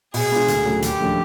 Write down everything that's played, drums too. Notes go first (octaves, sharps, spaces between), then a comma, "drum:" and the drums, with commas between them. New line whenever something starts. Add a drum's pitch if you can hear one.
B2 G#4, drum: open hi-hat
G#3 B3 D4 F4
D2, drum: hi-hat
C#3 F#3 A3
D#2 G4, drum: hi-hat
C#3 F3 A3 D4